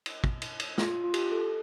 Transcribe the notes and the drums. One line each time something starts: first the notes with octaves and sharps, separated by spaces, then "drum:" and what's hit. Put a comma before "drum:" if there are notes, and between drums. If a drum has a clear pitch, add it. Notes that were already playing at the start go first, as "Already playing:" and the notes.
drum: cymbal
drum: kick
drum: cymbal
drum: cymbal
F4, drum: snare
F4
G4, drum: cymbal
A4